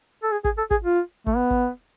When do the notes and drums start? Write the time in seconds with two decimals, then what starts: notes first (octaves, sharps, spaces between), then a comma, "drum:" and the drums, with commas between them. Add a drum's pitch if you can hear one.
0.23 A4
0.32 G#4
0.44 G#4, drum: kick
0.58 A4
0.71 G#4, drum: kick
0.84 F4
1.27 A3, drum: kick
1.37 B3
1.50 drum: kick